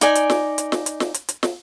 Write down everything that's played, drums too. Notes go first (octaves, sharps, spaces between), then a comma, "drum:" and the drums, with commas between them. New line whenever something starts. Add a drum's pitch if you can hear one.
D#4 D5 G#5, drum: hi-hat
drum: hi-hat
drum: snare
drum: hi-hat
drum: snare
drum: hi-hat
drum: snare
drum: hi-hat
drum: hi-hat
drum: snare